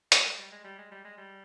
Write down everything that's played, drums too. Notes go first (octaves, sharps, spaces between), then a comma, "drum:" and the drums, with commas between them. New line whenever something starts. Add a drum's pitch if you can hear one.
G3, drum: hi-hat
G#3
G3
G#3
G3
G#3
G3
G#3
G3